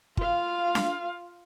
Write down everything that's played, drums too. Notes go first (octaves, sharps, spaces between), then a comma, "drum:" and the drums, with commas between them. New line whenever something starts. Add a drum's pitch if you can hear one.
F4 F5, drum: kick G1
drum: snare D4